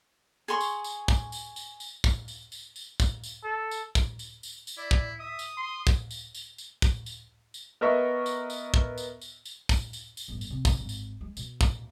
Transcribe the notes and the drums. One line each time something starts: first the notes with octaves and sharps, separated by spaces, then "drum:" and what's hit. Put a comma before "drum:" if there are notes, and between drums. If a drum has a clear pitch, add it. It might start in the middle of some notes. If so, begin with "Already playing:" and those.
G#4 C#5 C6 C#6
drum: tambourine
drum: tambourine
drum: kick, tambourine
drum: tambourine
drum: tambourine
drum: tambourine
drum: kick, tambourine
drum: tambourine
drum: tambourine
drum: tambourine
drum: kick, tambourine
drum: tambourine
A4
drum: tambourine
drum: kick, tambourine
drum: tambourine
drum: tambourine
drum: tambourine
E4 D5
drum: kick
E5 D#6
drum: tambourine
C6
drum: kick, tambourine
drum: tambourine
drum: tambourine
drum: tambourine
drum: kick, tambourine
drum: tambourine
drum: tambourine
B3 A#4 D#5 E5 C#6
drum: tambourine
drum: tambourine
drum: kick
drum: tambourine
drum: tambourine
drum: tambourine
drum: kick, tambourine
drum: tambourine
drum: tambourine
G1 A2
drum: tambourine
C3 C4
drum: kick, tambourine
G#1
drum: tambourine
G#3
B2, drum: tambourine
drum: kick, tambourine